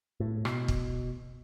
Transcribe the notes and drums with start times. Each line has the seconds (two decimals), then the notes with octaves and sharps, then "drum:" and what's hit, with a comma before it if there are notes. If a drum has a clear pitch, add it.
0.20 A2
0.45 B2, drum: rim click
0.68 drum: kick